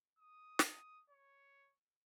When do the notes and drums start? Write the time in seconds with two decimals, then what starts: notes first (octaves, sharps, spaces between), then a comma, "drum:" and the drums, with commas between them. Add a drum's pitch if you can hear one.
0.19 D#6
0.59 drum: snare
1.10 C#5